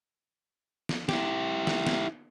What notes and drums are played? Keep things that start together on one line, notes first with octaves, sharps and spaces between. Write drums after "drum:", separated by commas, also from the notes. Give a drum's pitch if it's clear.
drum: snare
E4 G4, drum: snare
drum: snare
drum: snare